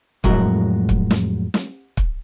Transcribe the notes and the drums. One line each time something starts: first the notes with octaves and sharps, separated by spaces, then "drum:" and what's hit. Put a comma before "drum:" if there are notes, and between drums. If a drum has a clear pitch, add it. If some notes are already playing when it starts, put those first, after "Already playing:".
F2 A2 F#3 G#3 F#4 A#4, drum: kick
drum: kick
drum: snare
drum: snare
drum: kick